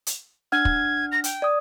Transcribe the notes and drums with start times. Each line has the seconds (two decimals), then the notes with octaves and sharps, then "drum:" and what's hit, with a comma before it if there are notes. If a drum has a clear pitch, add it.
0.07 drum: hi-hat
0.52 D4 F#5 F6 G#6
0.65 drum: kick
1.12 A#6
1.24 G5, drum: hi-hat
1.42 D5 D#6